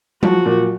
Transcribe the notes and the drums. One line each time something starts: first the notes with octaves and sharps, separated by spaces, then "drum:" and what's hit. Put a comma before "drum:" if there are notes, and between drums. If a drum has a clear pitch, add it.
F3 F#4, drum: tom F#3
A#2